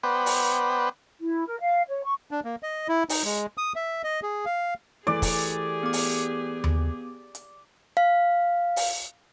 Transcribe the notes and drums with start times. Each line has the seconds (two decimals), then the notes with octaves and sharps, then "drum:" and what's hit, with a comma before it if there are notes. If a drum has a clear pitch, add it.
0.03 B3 B4 C5 D5 F#5 G5
0.26 drum: open hi-hat
1.20 E4
1.47 A#4
1.60 F5
1.88 C#5
2.04 C#6
2.31 D4
2.44 A#3
2.63 D#5
2.88 E4
3.09 D#4, drum: open hi-hat
3.24 G#3
3.58 D#6
3.76 E5
4.04 D#5
4.23 G#4
4.45 F5
5.07 E3 A3 G4 G#4 D5
5.22 drum: kick, open hi-hat
5.83 B3 D6
5.93 drum: open hi-hat
6.64 drum: tom D#2
7.35 drum: hi-hat
7.97 F5
8.76 drum: open hi-hat